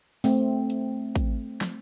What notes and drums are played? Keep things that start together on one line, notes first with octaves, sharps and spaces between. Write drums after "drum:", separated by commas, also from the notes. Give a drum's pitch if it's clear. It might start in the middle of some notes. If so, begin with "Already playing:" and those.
A3 C4, drum: open hi-hat
drum: hi-hat
drum: kick A1, hi-hat
drum: snare